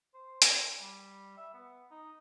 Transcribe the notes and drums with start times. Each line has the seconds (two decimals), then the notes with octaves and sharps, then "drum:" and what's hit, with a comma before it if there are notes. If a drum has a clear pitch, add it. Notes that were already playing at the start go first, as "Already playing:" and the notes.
0.14 C5
0.42 A#4, drum: hi-hat
0.81 G3
1.37 E5
1.53 B3
1.91 D#4